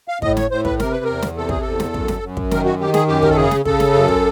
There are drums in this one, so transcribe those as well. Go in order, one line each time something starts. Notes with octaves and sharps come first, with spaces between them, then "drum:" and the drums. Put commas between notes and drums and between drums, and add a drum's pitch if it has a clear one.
F5
A2 D#5, drum: kick
C#5, drum: snare
A2 C5
B4, drum: kick
C3 A#4, drum: snare
B4
E2 A#4
drum: snare
C3 A4
G#4, drum: kick
E2 A4
drum: snare
F#2, drum: kick
drum: snare
F#2
drum: kick
D#3 A#4, drum: snare
F#4
D#3 G4
G#4, drum: snare
F#2 G4
A#4, drum: kick
A4
C#3 G#4
drum: snare
C#3 A4, drum: kick
drum: snare
F#2
drum: kick